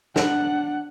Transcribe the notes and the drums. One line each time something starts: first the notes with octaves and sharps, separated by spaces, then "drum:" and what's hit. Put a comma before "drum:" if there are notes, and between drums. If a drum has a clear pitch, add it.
D4 F#5, drum: snare